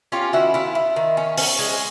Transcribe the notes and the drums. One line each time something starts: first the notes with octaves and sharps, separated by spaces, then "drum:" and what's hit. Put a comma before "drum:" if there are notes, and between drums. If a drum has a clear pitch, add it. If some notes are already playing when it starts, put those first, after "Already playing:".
C#4 F4 G4
D#3 E4 F#4
E4 F4
E4
D#3
C#4
C#4, drum: open hi-hat
G#3